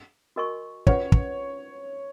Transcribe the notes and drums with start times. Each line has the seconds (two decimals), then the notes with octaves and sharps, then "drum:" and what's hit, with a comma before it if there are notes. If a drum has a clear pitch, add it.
0.36 F#4 A#4 D#5 G#5 C#6
0.87 C#4 F4 B4 C#5 F#5, drum: kick
1.12 drum: kick